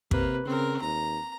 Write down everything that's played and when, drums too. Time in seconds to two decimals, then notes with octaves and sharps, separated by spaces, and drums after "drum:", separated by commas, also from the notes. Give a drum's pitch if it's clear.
0.11 C3 A#3 B4, drum: kick
0.45 C#3 C4 A#4
0.81 D#2 A#5